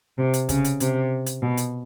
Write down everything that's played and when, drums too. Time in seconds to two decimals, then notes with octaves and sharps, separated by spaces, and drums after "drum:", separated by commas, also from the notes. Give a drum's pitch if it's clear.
0.18 C3
0.33 drum: hi-hat
0.49 C#3, drum: kick, hi-hat
0.64 drum: hi-hat
0.80 C3, drum: hi-hat
1.26 drum: hi-hat
1.42 B2
1.57 drum: hi-hat